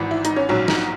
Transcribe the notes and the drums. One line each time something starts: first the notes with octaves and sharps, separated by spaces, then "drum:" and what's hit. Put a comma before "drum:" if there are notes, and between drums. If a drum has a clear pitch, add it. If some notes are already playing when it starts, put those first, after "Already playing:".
Already playing: G#1 G#2 E3
E4
D#4, drum: hi-hat
C#4
A#1 G#2 F#3 C#4
D#4, drum: snare